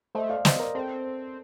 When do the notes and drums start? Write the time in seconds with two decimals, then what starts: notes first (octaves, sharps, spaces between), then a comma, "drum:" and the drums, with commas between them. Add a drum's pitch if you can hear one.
0.15 A3 C5 D#5
0.30 D5 F5
0.45 C5 D#5, drum: snare
0.60 A#4 D5
0.75 C4 A4 C5